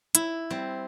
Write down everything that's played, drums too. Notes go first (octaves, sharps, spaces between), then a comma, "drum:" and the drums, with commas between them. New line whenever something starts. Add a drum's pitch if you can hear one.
E4, drum: hi-hat
G3 C4